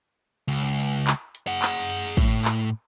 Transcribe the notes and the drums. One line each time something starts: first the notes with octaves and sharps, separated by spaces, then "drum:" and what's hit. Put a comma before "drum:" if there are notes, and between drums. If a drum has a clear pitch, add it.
C#2
drum: hi-hat
drum: clap
drum: hi-hat
G#4 F#5
drum: clap
drum: hi-hat
A2, drum: kick, hi-hat
drum: clap